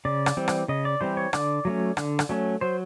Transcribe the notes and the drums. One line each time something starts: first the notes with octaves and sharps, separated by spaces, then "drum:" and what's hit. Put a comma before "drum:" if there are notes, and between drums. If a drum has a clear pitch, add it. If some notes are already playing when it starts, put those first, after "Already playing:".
C#3 D5
drum: rim click
E3 G3 C4
drum: rim click
C#3 D#5
D5
E3 G3 C4 C5
C#5
D3 D5, drum: rim click
F#3 A3 C#4
D3, drum: rim click
drum: rim click
F#3 A3 C#4
F#3 C5